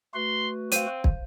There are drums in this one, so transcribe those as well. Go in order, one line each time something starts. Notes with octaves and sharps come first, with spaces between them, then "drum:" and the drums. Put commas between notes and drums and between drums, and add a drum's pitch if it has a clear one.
A3 F#4 B4 C6
C4 C5 F5 D#7, drum: hi-hat
drum: kick